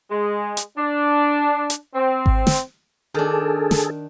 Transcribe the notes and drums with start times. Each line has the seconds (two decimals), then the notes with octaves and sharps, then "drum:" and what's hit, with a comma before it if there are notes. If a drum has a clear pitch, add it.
0.11 G#3
0.57 drum: hi-hat
0.76 D4
1.70 drum: hi-hat
1.94 C4
2.26 drum: kick G#1
2.47 drum: snare
3.15 D#3 D4 G#4 A4
3.71 drum: snare